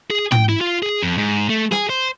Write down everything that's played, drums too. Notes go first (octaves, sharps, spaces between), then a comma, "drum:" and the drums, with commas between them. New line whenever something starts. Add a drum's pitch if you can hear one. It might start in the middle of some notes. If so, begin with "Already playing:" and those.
G#4
G5, drum: tom
E4
F4
G#4
F2
G#2
A3
G#4, drum: snare
C5